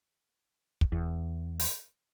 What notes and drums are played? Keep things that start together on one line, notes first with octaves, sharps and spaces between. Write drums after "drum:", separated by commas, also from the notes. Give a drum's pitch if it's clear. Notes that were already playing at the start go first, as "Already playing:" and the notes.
drum: kick
E2
drum: open hi-hat